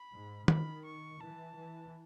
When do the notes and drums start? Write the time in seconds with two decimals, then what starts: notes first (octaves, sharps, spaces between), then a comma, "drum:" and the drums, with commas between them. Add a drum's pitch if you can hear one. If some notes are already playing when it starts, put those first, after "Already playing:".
Already playing: B5
0.12 G#2
0.48 D#3 B5, drum: tom
0.85 C#6
1.21 E3 A5
1.57 E3